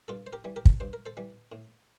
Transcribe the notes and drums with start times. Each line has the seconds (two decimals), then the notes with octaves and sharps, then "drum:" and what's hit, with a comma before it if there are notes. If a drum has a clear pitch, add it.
0.08 G2 F4 A4
0.27 C5
0.33 G4 A#4
0.44 E3 G3
0.56 G4 A#4
0.65 drum: kick
0.80 G2 C5
0.93 A#4
1.06 A4 C5
1.17 E3 G3
1.52 A2